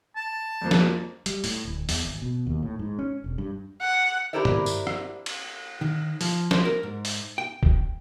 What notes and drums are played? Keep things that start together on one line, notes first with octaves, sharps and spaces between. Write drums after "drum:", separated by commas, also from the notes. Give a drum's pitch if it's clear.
A5
F2 F3 A#3
drum: snare
G3, drum: hi-hat
A2, drum: open hi-hat
D1
E2, drum: open hi-hat
G#1
B2
D#2
A2
G#2
C#4
E1
G2
F#5
D4 E4 G4 A#4 C5 E5
drum: tom G2
drum: tambourine
drum: rim click
drum: cymbal
D#3
F3, drum: open hi-hat
C5, drum: snare
A#4
G#2
drum: open hi-hat
G5
drum: kick